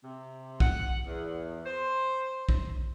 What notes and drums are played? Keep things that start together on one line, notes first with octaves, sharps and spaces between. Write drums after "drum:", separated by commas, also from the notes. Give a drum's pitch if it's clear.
C3
F#5, drum: kick
E2
C5
drum: kick